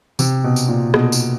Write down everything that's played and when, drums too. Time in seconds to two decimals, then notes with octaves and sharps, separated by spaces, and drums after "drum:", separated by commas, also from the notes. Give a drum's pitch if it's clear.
0.19 C3, drum: tambourine
0.44 B2
0.56 drum: tambourine
0.68 A#2
0.94 B2, drum: rim click
1.12 drum: tambourine